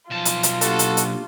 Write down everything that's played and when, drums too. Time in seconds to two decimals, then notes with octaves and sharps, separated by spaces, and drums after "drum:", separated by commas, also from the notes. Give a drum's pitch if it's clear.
0.10 B1 F3 F4 A5
0.25 drum: hi-hat
0.43 drum: hi-hat
0.61 A#3 D4 F#4 G4 A4, drum: hi-hat
0.79 drum: hi-hat
0.97 drum: hi-hat